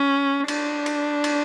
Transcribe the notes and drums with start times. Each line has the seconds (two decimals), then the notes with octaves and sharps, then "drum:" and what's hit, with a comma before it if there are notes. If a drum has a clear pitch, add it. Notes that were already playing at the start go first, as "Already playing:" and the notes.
Already playing: C#4
0.48 D4, drum: cymbal
0.86 drum: cymbal
1.24 drum: cymbal